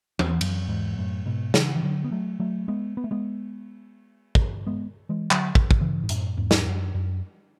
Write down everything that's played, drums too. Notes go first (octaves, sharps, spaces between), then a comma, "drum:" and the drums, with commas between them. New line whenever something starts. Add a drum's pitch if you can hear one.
E2, drum: tom E3
F#2, drum: cymbal
E2 G#2
F#2 A2
G#2 B2
C#3 E3, drum: snare
E3
D3 F#3
B3
F#3 A3
F#3 A3
G#3 B3
B3
A3
G#3 B3
drum: kick
G#3 B3
E3 G#3
D3 F#3, drum: clap
drum: kick
drum: kick
C#3 E3
G#2
F#2 A2, drum: hi-hat
E2 G#2
drum: snare
F#2
F#2